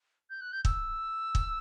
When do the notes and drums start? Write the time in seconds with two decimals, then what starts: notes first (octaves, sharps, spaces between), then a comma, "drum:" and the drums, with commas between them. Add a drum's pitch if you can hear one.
0.30 G6
0.41 F#6
0.52 G6
0.65 E6, drum: kick
1.35 drum: kick